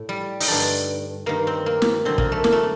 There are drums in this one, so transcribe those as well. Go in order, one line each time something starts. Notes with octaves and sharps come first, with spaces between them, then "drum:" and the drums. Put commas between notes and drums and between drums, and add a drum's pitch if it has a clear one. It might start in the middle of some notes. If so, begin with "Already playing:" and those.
Already playing: A2
G3
D#4, drum: open hi-hat
G2 D3 D4
G2 D#3 A#3
C4
A#3
drum: snare
F#2 D3 C4
A#3, drum: kick
A3
A#3, drum: snare
A3